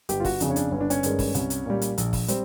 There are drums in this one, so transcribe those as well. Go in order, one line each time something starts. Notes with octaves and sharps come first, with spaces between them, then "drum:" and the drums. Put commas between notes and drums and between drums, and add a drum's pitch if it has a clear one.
G1 G4, drum: hi-hat
F4
F#4, drum: kick, open hi-hat
F2 C#3 D4, drum: hi-hat
C#4
D4, drum: hi-hat
G1 C#4
D4
C#4, drum: hi-hat
G2 D#3 G#3, drum: hi-hat
drum: kick, open hi-hat
C2, drum: hi-hat
drum: hi-hat
A#2 G3
drum: hi-hat
A#1, drum: hi-hat
drum: kick, open hi-hat
G3 C4, drum: hi-hat